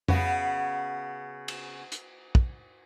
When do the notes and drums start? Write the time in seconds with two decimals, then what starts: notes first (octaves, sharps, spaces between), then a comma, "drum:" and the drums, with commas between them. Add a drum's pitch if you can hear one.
0.08 C#3 B3 F#4, drum: tom F2
1.48 drum: cymbal
1.92 drum: hi-hat
2.35 drum: kick